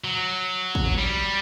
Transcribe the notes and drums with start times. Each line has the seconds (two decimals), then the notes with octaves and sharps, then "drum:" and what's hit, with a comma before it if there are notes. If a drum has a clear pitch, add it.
0.04 F#3
0.75 drum: kick
0.98 G3